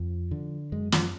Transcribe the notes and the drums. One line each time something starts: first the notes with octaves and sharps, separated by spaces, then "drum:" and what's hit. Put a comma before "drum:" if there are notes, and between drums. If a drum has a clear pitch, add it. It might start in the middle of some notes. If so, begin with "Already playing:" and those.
Already playing: F2 F3
D3
F#2 G#3
F3, drum: snare